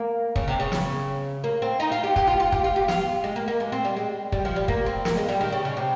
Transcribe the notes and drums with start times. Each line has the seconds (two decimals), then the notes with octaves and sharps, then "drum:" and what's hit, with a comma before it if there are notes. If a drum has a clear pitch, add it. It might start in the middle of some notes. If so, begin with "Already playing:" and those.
Already playing: A#3
0.36 C#3, drum: kick
0.48 C3
0.60 C#3
0.72 drum: snare
1.44 A#3
1.62 C4
1.80 D#4
1.92 F4
2.04 G4
2.16 G4, drum: kick
2.27 F4
2.40 F4
2.52 G4, drum: kick
2.64 F4
2.76 G4
2.88 F4, drum: snare
3.24 G#3
3.36 A#3
3.48 A#3
3.60 G#3
3.72 C4
3.85 G3
3.96 G#3
4.32 G3, drum: kick
4.45 F3
4.56 G3
4.68 A#3, drum: kick
4.86 C4
5.05 A#3, drum: snare
5.17 G#3
5.29 G3
5.41 D#3
5.52 C#3
5.65 C#3
5.77 C3